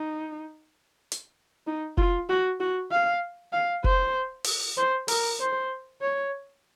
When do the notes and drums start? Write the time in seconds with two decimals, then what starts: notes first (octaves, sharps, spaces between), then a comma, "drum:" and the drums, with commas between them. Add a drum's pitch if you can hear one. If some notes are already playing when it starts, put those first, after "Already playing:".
Already playing: D#4
1.12 drum: hi-hat
1.67 D#4
1.97 F4, drum: kick F1
2.29 F#4
2.60 F#4
2.91 F5
3.53 F5
3.84 C5, drum: kick F1
4.44 drum: open hi-hat
4.77 C5
5.08 A#4, drum: open hi-hat
5.40 C5
6.01 C#5